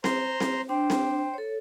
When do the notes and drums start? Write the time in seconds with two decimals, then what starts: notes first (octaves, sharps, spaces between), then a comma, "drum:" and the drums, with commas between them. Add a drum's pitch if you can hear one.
0.04 C5 A#5 C6, drum: snare C4
0.40 drum: snare C4
0.69 D4 C5 G5
0.90 drum: snare C4
1.34 A4 C#5